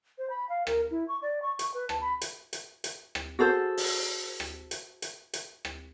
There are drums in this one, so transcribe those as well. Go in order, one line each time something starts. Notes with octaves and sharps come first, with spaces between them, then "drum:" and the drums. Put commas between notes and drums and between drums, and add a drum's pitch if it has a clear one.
C5
B5
F5
A#4, drum: rim click
E4
C#6
D5
C#6
C#6, drum: hi-hat
B4
A5, drum: rim click
B5
drum: hi-hat
drum: hi-hat
drum: hi-hat
drum: rim click
F#4 G#4 A4 C5
drum: open hi-hat
drum: rim click
drum: hi-hat
drum: hi-hat
drum: hi-hat
drum: rim click